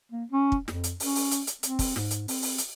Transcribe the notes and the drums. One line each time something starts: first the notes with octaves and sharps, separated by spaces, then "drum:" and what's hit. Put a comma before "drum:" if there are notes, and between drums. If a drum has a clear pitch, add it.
A#3
C#4
drum: kick
F2, drum: snare
drum: hi-hat
C#4, drum: open hi-hat
drum: open hi-hat
drum: hi-hat
drum: hi-hat
C4, drum: hi-hat
drum: kick, open hi-hat
G#2, drum: snare
drum: hi-hat
C4, drum: open hi-hat
drum: open hi-hat
drum: hi-hat